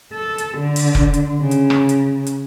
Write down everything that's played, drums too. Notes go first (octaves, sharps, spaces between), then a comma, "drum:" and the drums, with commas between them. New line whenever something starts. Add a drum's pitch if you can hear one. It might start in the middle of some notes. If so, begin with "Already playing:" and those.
A4
drum: hi-hat
D3
drum: open hi-hat
drum: kick F1
drum: hi-hat
C#3
drum: hi-hat
drum: rim click
drum: hi-hat
drum: hi-hat